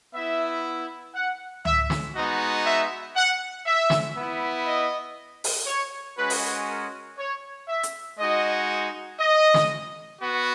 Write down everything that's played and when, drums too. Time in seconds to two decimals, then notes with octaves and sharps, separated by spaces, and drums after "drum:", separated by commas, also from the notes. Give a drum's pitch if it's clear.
0.13 B3 E4 E5
1.14 F#5
1.65 E5, drum: tom C#2
1.90 drum: snare
2.15 G#3 B3 D#4 F#4 D#5
2.65 E5
3.16 F#5
3.66 E5
3.90 drum: snare
4.16 B3 E4
4.67 D#5
5.44 drum: open hi-hat
5.67 C#5
6.17 G#3 C#4 F#4 B4
6.30 drum: open hi-hat
6.68 A#4
7.18 C#5
7.68 E5
7.83 drum: hi-hat
8.18 G#3 D#4 F#4 D#5
9.19 D#5
9.54 drum: snare
10.19 B3 F#4